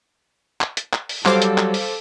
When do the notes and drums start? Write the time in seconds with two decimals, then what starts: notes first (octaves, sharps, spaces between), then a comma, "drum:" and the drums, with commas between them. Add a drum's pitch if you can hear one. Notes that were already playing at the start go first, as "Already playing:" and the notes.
0.61 drum: clap
0.77 drum: hi-hat
0.93 drum: clap
1.09 drum: open hi-hat
1.26 F#3 G3 A4 C5 F5 D6, drum: clap
1.42 drum: hi-hat
1.58 drum: clap
1.74 drum: open hi-hat